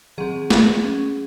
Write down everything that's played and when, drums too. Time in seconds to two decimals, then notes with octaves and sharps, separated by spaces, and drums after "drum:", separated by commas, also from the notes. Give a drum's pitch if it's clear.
0.18 D#3 F#3 C4 G#4
0.50 drum: snare
0.84 F#3 C#4